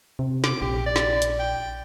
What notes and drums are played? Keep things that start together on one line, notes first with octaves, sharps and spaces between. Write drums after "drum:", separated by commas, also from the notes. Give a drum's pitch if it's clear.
C3
D6, drum: snare
A#1 G4
D5
drum: snare
drum: hi-hat
G5